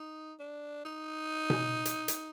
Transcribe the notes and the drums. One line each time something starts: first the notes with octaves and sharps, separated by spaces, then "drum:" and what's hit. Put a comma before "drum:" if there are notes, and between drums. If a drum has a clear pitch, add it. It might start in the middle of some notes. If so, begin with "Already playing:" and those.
Already playing: D#4
D4
D#4
drum: tom B2
drum: hi-hat
drum: hi-hat